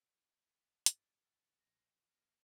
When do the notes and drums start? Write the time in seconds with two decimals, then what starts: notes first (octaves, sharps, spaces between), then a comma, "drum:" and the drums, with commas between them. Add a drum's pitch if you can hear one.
0.44 B3
0.86 G2 D5, drum: hi-hat
1.22 A4
1.59 A#1 F3 G3 A#5
2.09 G1 A#4